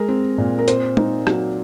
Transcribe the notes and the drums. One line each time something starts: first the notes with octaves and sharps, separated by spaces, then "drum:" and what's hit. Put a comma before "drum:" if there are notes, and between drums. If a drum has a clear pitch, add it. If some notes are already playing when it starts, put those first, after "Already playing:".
Already playing: G#3 A#4
C4
A#2
A#4
C4 C5, drum: hi-hat
D#4, drum: tom
F#3, drum: rim click